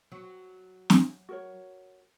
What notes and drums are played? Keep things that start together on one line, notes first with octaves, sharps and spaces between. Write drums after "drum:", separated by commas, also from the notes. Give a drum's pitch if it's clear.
F#3
drum: snare
F#4 A#4 C#5